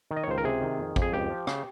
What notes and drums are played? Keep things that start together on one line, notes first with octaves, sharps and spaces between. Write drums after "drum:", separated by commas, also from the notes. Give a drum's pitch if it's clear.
D#3
D#5
C#5
C#2 C5
A#4
C3 G#4
D#3
F2
F2, drum: kick
G#4
C#2 G4
F3
C#3, drum: rim click